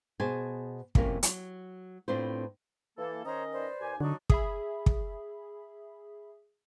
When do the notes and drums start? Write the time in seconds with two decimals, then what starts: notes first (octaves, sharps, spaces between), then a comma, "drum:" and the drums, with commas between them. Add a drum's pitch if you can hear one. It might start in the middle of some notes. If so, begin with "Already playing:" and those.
0.20 B2 G#4 C5 G#5 A5
0.95 F2 A2 C3 A#3 C#4, drum: kick
1.23 F#3, drum: hi-hat
2.08 A2 C4 D4 F4 B4 C5
2.98 E3 A#3 A4
3.25 D#3 C#4 C5 C#5 D#5 A#5
3.53 B4 C5 D5
3.81 D#2 G4 G#5
4.00 D3 F#3 D4 D#4 F#4 C#6
4.30 G#4 E5 B5, drum: kick
4.86 drum: kick